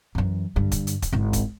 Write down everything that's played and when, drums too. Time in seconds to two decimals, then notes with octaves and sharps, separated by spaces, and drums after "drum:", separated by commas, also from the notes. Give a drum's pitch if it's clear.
0.15 F#2 E3
0.56 G2 D3
0.72 drum: kick, hi-hat
0.87 drum: hi-hat
1.02 drum: kick, hi-hat
1.12 G#1 E4
1.33 drum: kick, hi-hat